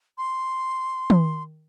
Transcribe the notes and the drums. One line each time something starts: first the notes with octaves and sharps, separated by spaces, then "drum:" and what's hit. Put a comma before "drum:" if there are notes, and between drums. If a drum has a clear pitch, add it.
C6
drum: tom